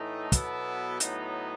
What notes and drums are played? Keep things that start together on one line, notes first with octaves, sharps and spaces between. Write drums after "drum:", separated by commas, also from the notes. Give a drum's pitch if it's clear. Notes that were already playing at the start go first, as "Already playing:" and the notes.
Already playing: A2 E3 A3 D#4
B2 F#3 B3 E4 A4, drum: kick, hi-hat
A2 F#3 B3 D#4, drum: hi-hat